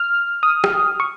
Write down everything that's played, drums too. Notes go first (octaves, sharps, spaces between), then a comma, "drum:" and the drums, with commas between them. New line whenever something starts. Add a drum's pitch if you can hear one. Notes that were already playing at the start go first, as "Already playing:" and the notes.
Already playing: F6
D#6
drum: rim click
C#6